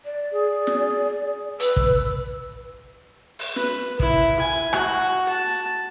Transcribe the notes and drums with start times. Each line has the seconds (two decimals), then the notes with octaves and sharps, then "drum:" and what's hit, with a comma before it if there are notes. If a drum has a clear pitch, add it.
0.05 D5
0.32 G#4
0.67 drum: snare
1.60 B4 E6, drum: hi-hat
1.77 drum: kick
3.39 drum: open hi-hat
3.56 B4, drum: snare
4.00 E4, drum: kick
4.40 G#5
4.73 F#4, drum: rim click
5.29 A5